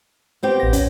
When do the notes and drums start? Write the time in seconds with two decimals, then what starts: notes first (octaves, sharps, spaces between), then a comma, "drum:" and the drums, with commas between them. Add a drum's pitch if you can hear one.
0.43 B3 C4 G4
0.60 A1 A#6
0.73 C#4, drum: kick, hi-hat